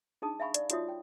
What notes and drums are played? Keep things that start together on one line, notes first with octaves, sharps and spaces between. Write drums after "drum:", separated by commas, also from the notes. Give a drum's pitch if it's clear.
D4 D#4 G#4 A5 D#6
E5 F5 G#5 B5 C#6
D5, drum: hi-hat
D#4 F4 F#4 C#5 E5 D#6, drum: hi-hat
G5